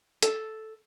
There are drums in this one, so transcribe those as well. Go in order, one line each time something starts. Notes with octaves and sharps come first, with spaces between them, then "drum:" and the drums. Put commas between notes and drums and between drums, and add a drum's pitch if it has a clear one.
A4, drum: hi-hat